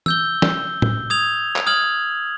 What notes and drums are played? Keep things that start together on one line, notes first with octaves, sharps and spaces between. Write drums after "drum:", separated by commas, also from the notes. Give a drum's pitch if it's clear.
E6 G6 G7, drum: tom E3
drum: snare
drum: tom
D#6 G#6 F7
drum: clap
D#6 F6 G#6 F#7